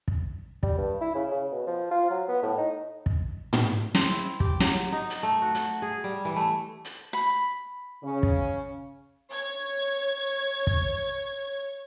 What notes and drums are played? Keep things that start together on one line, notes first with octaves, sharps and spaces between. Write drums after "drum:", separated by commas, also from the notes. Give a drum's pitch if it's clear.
drum: kick
G3, drum: kick
G2
E4
C#3
C#3
B2
F3
F4
F#3
B3
A2
D#4
drum: kick
drum: tom
C4, drum: snare
E4
G4, drum: kick
F#3, drum: snare
D#4
drum: hi-hat
A3
F#4
F#4, drum: hi-hat
G#4
G3
E3
A3
drum: hi-hat
B5
C#3 C#4
drum: kick
C#5 G#6
drum: kick